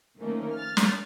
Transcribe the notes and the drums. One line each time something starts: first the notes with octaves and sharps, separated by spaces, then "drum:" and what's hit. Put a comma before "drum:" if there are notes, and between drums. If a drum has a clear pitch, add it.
D#3 F3 A3 A#3 C#4 D#4
F6 A6
drum: snare